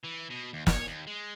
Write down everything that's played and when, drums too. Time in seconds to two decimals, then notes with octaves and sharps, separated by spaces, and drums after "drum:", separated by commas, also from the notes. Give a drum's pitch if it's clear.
0.04 E3
0.30 B2
0.53 D#2
0.67 C#5, drum: snare
0.87 D#2
1.07 G#3